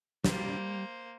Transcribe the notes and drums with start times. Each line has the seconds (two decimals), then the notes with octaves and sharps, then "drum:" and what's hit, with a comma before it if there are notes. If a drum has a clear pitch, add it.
0.24 G3 A#3 C5, drum: snare